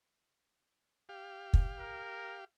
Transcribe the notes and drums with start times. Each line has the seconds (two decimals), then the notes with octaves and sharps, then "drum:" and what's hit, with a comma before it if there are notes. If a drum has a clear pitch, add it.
1.09 G4 F5
1.54 drum: kick
1.79 A#4